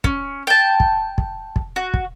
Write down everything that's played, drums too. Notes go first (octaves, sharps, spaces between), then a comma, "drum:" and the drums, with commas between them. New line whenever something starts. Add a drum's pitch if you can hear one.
C#4, drum: kick
G5 A5
drum: kick
drum: kick
drum: kick
F#4
drum: kick